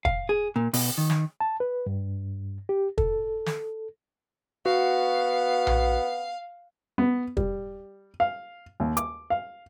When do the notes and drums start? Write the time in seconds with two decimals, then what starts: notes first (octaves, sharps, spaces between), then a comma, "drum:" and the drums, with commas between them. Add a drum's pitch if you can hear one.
0.05 F5, drum: kick
0.29 G#4
0.56 A#2
0.73 B2, drum: open hi-hat
0.98 D#3
1.10 drum: snare
1.40 A5
1.60 B4
1.86 G2
2.69 G4
2.98 A4, drum: kick
3.46 drum: snare
4.66 B3 F#4 F5
5.67 drum: tom A#1
6.98 B3
7.37 G3, drum: kick
8.20 F5
8.80 D#2
8.97 D6, drum: hi-hat
9.30 F5